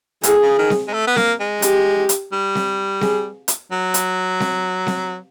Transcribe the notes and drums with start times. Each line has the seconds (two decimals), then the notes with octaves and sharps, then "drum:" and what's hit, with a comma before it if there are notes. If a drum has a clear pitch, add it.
0.23 A2 G#4, drum: hi-hat
0.42 C#3
0.58 D#3
0.70 drum: snare C4
0.88 G#3
0.93 A3
1.07 B3
1.16 A#3, drum: snare C4
1.40 G#3
1.62 G4, drum: hi-hat
2.09 drum: hi-hat
2.32 G3
2.55 drum: snare C4
3.01 G#4, drum: snare C4
3.48 drum: hi-hat
3.71 F#3
3.94 drum: hi-hat
4.40 drum: snare C4
4.87 drum: snare C4